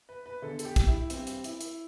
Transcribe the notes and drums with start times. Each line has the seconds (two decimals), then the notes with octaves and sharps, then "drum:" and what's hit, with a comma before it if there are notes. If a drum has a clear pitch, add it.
0.09 B4
0.26 B4
0.42 E2 D3 A4
0.59 A4, drum: hi-hat
0.65 G4
0.76 drum: kick, hi-hat
0.87 E4
1.10 G2 E3 C4, drum: hi-hat
1.27 drum: hi-hat
1.44 E4, drum: hi-hat
1.61 drum: hi-hat